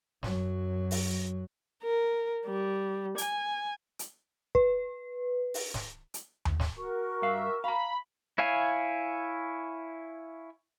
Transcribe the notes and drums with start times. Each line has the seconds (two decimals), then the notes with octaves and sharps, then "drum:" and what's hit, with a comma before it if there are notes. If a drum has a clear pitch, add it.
0.23 F#2 F#3, drum: snare
0.91 drum: open hi-hat
1.83 A#4
2.46 G3
3.18 G#5, drum: hi-hat
3.99 drum: hi-hat
4.55 B4, drum: kick
5.54 drum: open hi-hat
5.74 drum: snare
6.14 drum: hi-hat
6.45 drum: tom D#2
6.60 drum: snare
6.78 F#4 A#4 C#6
7.22 G2 E5 F5
7.64 F5 A#5 B5
8.38 E4 C#5 F5 G#5